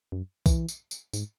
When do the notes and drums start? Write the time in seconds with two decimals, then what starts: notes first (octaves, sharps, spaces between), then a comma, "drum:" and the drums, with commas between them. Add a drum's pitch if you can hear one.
0.12 F#2
0.46 E3, drum: kick, tambourine
0.68 drum: tambourine
0.91 drum: tambourine
1.13 G#2, drum: tambourine